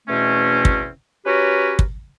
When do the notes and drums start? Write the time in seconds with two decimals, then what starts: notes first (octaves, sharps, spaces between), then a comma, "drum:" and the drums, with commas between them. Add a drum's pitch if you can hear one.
0.08 E2 B2 A3 C4 C#4
0.65 drum: kick
1.26 C#4 F#4 G4 A#4 B4 C#5
1.79 drum: kick